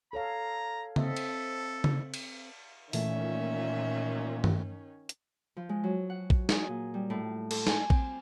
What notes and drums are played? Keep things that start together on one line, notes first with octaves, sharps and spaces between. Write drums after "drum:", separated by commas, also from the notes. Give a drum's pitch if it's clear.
A4 C#5 F5 A#5
C4 A4 D#5 E5, drum: tom C#3
drum: cymbal
drum: tom C#3
drum: cymbal
A#2 D#3 E3 A3 C#4 E5, drum: open hi-hat
drum: tom G2
drum: hi-hat
F3
G#3
F#3
F#5
drum: kick A#1
G#4, drum: snare
A#2
G3
A2
A4, drum: cymbal
G#5, drum: snare
C4, drum: kick A#1